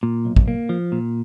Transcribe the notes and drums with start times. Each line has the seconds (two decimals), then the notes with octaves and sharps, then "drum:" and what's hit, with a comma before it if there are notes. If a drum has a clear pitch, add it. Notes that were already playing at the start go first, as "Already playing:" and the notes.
0.03 A#2
0.25 B1
0.36 drum: kick
0.48 A#3
0.69 F3
0.92 A#2